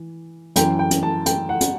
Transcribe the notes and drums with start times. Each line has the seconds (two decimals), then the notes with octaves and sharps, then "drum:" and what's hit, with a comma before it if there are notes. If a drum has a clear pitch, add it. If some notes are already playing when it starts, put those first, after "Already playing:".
Already playing: E3
0.56 F#2 E3 G5, drum: hi-hat
0.79 G5
0.91 drum: hi-hat
1.03 A5
1.26 G5, drum: hi-hat
1.49 F#5
1.61 drum: hi-hat